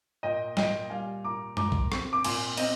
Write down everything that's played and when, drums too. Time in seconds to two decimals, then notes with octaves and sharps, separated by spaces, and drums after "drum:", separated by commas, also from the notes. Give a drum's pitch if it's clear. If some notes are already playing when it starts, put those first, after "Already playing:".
0.23 A#2 D#5 G5
0.57 A#2 D#5 G5, drum: snare
0.90 G3 F5 G#5
1.24 A#2 A#5 D6
1.57 A#2 A#5 D6, drum: tom F#2
1.72 drum: kick A1
1.92 C4, drum: rim click
2.13 D6
2.25 A#2 G#5 C6, drum: cymbal
2.57 C4 D#5, drum: cymbal